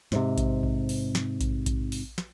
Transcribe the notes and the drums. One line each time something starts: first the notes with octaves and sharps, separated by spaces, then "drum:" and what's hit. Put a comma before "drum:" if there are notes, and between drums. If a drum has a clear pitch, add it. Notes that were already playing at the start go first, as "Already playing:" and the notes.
G#2 C3, drum: snare
drum: kick A#1, hi-hat
drum: kick A#1
drum: open hi-hat
drum: snare
drum: kick A#1, hi-hat
drum: kick A#1, hi-hat
drum: open hi-hat
drum: snare